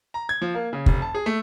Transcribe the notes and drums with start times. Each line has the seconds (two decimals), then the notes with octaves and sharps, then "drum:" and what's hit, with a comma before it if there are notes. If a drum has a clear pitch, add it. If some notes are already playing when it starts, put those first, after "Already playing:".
0.14 A#5
0.29 G#6
0.42 F3
0.55 A#3
0.73 C#3
0.86 F1, drum: kick
1.02 A5
1.15 G#4
1.26 A3